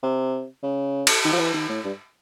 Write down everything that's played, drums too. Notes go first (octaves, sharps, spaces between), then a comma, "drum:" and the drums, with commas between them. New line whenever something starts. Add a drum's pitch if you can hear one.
C3
C#3
drum: cymbal
D#3
F3
E3
D#3
A2
G2